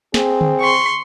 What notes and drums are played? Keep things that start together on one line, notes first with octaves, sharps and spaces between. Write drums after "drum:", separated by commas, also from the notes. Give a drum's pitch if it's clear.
C4 G#4, drum: snare
drum: tom D3
C6 C#6